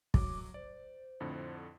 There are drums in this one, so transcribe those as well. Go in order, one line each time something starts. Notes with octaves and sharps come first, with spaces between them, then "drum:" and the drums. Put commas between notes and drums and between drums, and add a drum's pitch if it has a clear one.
F#3 D6, drum: kick
C5 D5
F2 A2 D3